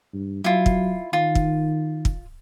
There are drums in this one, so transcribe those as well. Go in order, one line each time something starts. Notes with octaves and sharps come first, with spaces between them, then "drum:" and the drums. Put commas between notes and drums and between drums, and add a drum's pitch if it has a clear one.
G2
F#3 E4 F4
drum: kick
D#3 F4
drum: kick
drum: kick